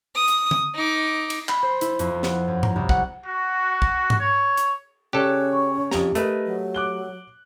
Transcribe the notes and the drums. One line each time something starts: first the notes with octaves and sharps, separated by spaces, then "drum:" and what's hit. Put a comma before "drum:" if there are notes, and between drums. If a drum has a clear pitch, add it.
D#6
drum: hi-hat
drum: tom D3
D#4 D6
drum: cymbal
B5, drum: clap
C5
E4, drum: hi-hat
F2, drum: hi-hat
B3, drum: snare
F#2
A#5, drum: tom G#2
C2
F#5, drum: kick
F#4
drum: kick
drum: tom G#2
C#5
drum: hi-hat
C#3 C#4 G4 A4 C#5 D5 F#6
C#6
F2 G4 A#5, drum: snare
A3 A#4 B4 D#5, drum: hi-hat
F#3
D6 F#6 G7